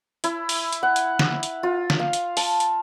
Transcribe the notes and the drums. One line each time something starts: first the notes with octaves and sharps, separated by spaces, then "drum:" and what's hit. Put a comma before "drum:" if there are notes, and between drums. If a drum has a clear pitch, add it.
E4, drum: hi-hat
drum: open hi-hat
drum: hi-hat
F#5
drum: hi-hat
drum: snare
drum: hi-hat
F4
drum: snare
F5
drum: hi-hat
A5, drum: open hi-hat
drum: hi-hat